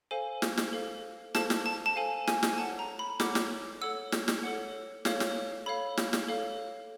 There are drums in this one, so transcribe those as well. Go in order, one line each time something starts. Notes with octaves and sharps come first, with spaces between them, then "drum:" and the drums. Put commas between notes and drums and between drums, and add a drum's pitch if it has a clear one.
A4 C5 F5 G#5
drum: snare
drum: snare
A4 C5 F5
A4 C5 F5 A5, drum: snare
drum: snare
A5
A5
A4 C5 F5 G#5
G#5, drum: snare
drum: snare
A4 C#5 F#5 A5
A#5
B5
A4 C#5 F#5 D6, drum: snare
drum: snare
A4 C#5 F#5 E6
drum: snare
drum: snare
A4 C#5 F#5
A4 C#5 F5, drum: snare
drum: snare
A4 C#5 F5 B5
drum: snare
drum: snare
A4 C#5 F5